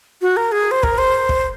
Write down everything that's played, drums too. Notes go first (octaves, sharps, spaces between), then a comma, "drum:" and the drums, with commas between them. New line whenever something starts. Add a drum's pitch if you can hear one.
F#4
A#4
G#4
C5
A#4, drum: kick
C5
drum: kick